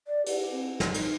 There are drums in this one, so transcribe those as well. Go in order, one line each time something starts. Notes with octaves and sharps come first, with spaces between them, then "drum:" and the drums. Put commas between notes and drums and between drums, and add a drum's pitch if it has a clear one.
D5
G4, drum: cymbal
C4
D#4, drum: snare
drum: cymbal